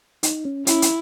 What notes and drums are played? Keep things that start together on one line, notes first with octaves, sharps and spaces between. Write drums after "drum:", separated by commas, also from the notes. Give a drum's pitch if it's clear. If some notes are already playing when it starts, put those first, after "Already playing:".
D#4, drum: hi-hat
C#4
C#4 E4, drum: hi-hat
drum: hi-hat